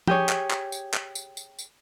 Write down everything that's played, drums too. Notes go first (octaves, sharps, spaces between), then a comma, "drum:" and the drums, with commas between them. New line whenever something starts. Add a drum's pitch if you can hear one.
G4 G#4 C#5, drum: tom F3
drum: clap
drum: clap
drum: tambourine
drum: clap
drum: tambourine
drum: tambourine
drum: tambourine